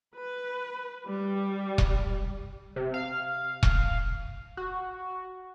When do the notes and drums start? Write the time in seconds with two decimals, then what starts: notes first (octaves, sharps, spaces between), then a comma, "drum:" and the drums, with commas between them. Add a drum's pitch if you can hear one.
0.17 B4
1.07 G3
1.78 drum: kick E1
2.76 C3
2.94 F5
3.63 drum: kick E1
4.57 F#4